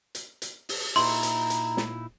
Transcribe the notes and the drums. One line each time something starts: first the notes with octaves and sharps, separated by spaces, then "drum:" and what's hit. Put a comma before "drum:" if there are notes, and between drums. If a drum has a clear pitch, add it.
drum: hi-hat
drum: hi-hat
drum: open hi-hat
A#2 D#4 E4 A#5 C6, drum: open hi-hat
drum: hi-hat
drum: hi-hat
drum: snare